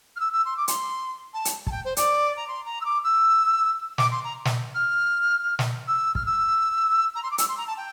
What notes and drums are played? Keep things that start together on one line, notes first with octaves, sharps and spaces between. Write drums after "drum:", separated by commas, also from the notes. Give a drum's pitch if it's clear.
F6
E6
E6
C6
D6
C6, drum: hi-hat
A5
drum: hi-hat
A5, drum: kick
G5
C5
D5, drum: hi-hat
A#5
C6
A#5
E6
D6
E6
D6, drum: snare
C6
A#5
drum: snare
F6
drum: snare
E6
F6, drum: kick
E6
A#5
C6
D6
E6, drum: hi-hat
C6
A#5
A5
G5